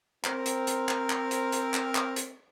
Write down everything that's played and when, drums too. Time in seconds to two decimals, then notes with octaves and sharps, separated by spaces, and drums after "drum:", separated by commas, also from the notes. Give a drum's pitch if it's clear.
0.24 C4 A#4, drum: clap
0.46 drum: hi-hat
0.67 drum: hi-hat
0.88 drum: clap
1.10 drum: clap
1.31 drum: hi-hat
1.52 drum: hi-hat
1.74 drum: clap
1.95 drum: clap
2.16 drum: hi-hat